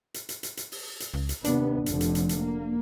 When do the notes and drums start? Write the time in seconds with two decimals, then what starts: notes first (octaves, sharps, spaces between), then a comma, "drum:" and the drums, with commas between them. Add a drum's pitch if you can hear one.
0.14 drum: hi-hat
0.29 drum: hi-hat
0.43 drum: hi-hat
0.57 drum: hi-hat
0.72 drum: open hi-hat
1.00 drum: hi-hat
1.14 C#2
1.29 drum: hi-hat
1.44 D#2 C3 B3 D4, drum: hi-hat
1.86 F1 D3 F3, drum: hi-hat
2.01 drum: hi-hat
2.15 drum: hi-hat
2.29 drum: hi-hat
2.40 A#3